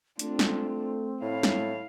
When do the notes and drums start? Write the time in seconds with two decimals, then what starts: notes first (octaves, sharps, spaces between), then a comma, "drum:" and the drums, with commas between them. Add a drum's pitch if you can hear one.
0.19 A3 C4 D4 F4, drum: hi-hat
0.39 drum: snare
1.22 A2 E4 F5
1.43 drum: snare